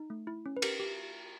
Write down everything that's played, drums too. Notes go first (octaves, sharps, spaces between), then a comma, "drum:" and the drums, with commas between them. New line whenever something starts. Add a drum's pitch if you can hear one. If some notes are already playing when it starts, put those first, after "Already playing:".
Already playing: D#4
A3
E4
C#4
B4
G4 A#4, drum: cymbal
G4